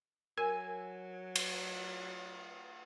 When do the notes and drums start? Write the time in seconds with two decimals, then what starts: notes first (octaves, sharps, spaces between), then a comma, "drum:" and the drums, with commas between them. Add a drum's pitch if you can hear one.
0.38 F#3 A#4 G#5
1.36 drum: cymbal